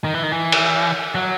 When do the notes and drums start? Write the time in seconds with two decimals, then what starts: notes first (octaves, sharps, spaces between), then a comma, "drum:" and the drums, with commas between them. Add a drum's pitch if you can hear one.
0.04 D#3
0.14 E3
0.23 D#3
0.32 E3
0.52 drum: cymbal
1.15 F#3